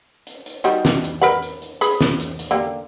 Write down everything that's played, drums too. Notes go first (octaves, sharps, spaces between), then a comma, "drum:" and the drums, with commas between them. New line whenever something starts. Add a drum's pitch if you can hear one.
drum: hi-hat
drum: hi-hat
D#3 G3 F#4, drum: hi-hat
drum: snare
drum: hi-hat
A#4 B4 F#5, drum: hi-hat
drum: hi-hat
drum: hi-hat
G#4 B4, drum: hi-hat
drum: snare
drum: hi-hat
drum: hi-hat
D3 A#3 G4